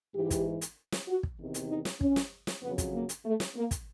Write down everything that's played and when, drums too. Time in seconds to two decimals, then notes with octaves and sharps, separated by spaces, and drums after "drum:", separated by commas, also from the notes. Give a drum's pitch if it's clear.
0.15 G#2 E3 G4
0.31 drum: kick, hi-hat
0.61 drum: hi-hat
0.92 drum: snare
1.08 F#4
1.23 drum: kick
1.39 E2 C3 D#3
1.54 drum: hi-hat
1.69 D#4
1.85 drum: snare
2.01 C#4, drum: kick
2.16 drum: snare
2.47 drum: snare
2.62 F2 C#3 F#3 B3
2.78 drum: kick, hi-hat
2.94 A#3
3.09 drum: hi-hat
3.25 A3
3.40 drum: snare
3.56 A#3
3.71 drum: kick, hi-hat